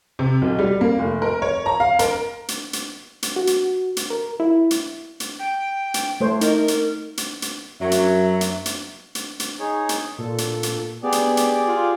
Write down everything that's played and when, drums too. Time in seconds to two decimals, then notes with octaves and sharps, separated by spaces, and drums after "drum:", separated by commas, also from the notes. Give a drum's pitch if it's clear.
0.19 C3
0.42 B1
0.59 G3
0.81 A#3
0.99 F1
1.22 A#4
1.42 C#5
1.66 A#5
1.80 F5
1.99 A#4, drum: hi-hat
2.48 drum: hi-hat
2.73 drum: hi-hat
3.23 drum: hi-hat
3.36 F#4
3.47 drum: hi-hat
3.97 drum: hi-hat
4.10 A#4
4.40 E4
4.71 drum: hi-hat
5.20 drum: hi-hat
5.39 G5
5.94 drum: hi-hat
6.20 A3 C5 C#5
6.41 D#4 A#4, drum: hi-hat
6.68 drum: hi-hat
7.17 drum: hi-hat
7.42 drum: hi-hat
7.80 F#2 F#3 E5
7.91 drum: hi-hat
8.41 drum: hi-hat
8.66 drum: hi-hat
9.15 drum: hi-hat
9.40 drum: hi-hat
9.59 D#4 G#4 C#5
9.89 drum: hi-hat
10.18 A#2 A4
10.38 drum: hi-hat
10.63 drum: hi-hat
11.03 B3 G4 G#4 D5
11.12 drum: hi-hat
11.37 drum: hi-hat
11.67 F4